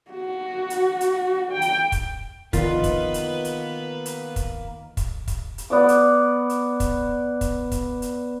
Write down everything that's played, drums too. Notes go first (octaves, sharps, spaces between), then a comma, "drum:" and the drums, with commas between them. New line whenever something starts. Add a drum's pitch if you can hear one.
F#4
drum: hi-hat
drum: hi-hat
G5
drum: hi-hat
drum: kick, hi-hat
D#3 A#3 B3 F4 B4, drum: kick, hi-hat
drum: kick, hi-hat
drum: hi-hat
drum: hi-hat
drum: hi-hat
drum: kick, hi-hat
drum: kick, hi-hat
drum: kick, hi-hat
drum: hi-hat
B3 D5 D6
drum: hi-hat
drum: hi-hat
drum: kick, hi-hat
drum: kick, hi-hat
drum: kick, hi-hat
drum: hi-hat